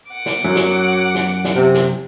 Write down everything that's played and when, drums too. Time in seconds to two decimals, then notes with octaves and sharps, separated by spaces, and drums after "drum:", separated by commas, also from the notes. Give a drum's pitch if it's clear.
0.11 F#5 D6
0.26 drum: snare
0.45 F#2 F#3
0.55 drum: snare
1.15 drum: snare
1.44 drum: snare
1.55 C3
1.74 drum: snare